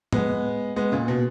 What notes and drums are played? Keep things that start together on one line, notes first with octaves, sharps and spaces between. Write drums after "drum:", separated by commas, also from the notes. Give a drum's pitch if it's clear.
G#3 B3, drum: tom A2
G#3 B3
A#2 C#3
B2